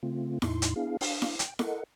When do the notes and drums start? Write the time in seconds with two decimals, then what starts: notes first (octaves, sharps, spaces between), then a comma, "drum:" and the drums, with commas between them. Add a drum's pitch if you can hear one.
0.03 C#3 A3 C4 F4
0.42 E2 A2 D#4 E4 C6, drum: snare E4
0.62 drum: hi-hat
0.76 B3 D4 E4 G#4 F5
1.01 D4 F5, drum: open hi-hat
1.22 drum: snare E4
1.39 G5, drum: hi-hat
1.59 A4 A#4 D#5 F#5, drum: snare E4